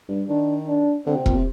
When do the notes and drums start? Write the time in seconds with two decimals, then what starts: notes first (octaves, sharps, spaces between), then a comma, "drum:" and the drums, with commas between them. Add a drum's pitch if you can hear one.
0.09 G2
0.28 D#3 D4
0.67 D4
1.06 D3 C4
1.16 C3
1.26 A#2, drum: kick E1
1.36 C3